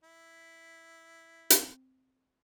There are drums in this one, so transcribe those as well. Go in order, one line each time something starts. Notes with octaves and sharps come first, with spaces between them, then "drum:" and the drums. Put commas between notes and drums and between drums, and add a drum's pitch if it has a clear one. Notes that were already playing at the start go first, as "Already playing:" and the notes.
E4
C4, drum: hi-hat